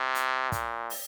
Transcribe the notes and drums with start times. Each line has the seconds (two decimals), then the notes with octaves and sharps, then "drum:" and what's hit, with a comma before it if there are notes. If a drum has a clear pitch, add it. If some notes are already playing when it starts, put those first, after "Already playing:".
Already playing: C3
0.15 drum: hi-hat
0.52 A#2, drum: kick, hi-hat
0.90 drum: open hi-hat